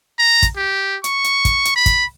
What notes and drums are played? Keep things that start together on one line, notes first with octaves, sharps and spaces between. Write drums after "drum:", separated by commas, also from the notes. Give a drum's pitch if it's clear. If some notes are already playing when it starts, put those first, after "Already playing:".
A#5
drum: kick, hi-hat
G4
C#6, drum: hi-hat
drum: hi-hat
drum: kick, hi-hat
drum: hi-hat
B5
drum: kick, hi-hat